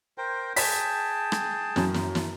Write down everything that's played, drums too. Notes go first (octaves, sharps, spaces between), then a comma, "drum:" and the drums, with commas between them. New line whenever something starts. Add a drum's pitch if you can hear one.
A#4 C5 G5
G#4 G5 A5 B6, drum: open hi-hat
drum: rim click
F#2, drum: snare
drum: snare
drum: snare